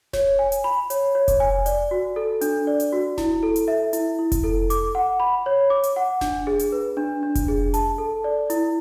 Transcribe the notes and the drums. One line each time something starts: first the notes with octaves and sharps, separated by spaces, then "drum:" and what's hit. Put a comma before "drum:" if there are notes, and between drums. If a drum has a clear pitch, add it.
C#5, drum: snare F1
G#5
drum: hi-hat
B5
C#5, drum: hi-hat
C#5
drum: kick F1, hi-hat
G#5
D5, drum: hi-hat
F#4
A4
D4, drum: hi-hat
D5
drum: hi-hat
F#4
E4, drum: snare F1
A4
drum: hi-hat
E5
E4, drum: hi-hat
E4
drum: kick F1, hi-hat
A4
D6, drum: hi-hat
F#5
B5
C#5
D6
drum: hi-hat
F#5
D4, drum: snare F1
G#4
drum: hi-hat
B4
D4
D4
drum: kick F1, hi-hat
G#4
A5, drum: hi-hat
A4
D5
E4, drum: hi-hat